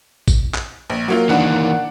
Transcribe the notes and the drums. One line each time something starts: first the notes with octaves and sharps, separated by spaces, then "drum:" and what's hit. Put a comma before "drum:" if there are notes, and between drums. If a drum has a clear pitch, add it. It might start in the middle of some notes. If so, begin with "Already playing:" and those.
drum: kick, tambourine
drum: clap
A#1
F#3 A#3 F4
D#3 E3 A#3 D4 F#5